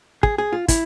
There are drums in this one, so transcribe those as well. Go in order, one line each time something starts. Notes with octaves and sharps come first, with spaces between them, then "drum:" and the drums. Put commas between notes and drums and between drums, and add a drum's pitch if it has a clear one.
G#4, drum: kick
G#4
F4
E4, drum: kick, hi-hat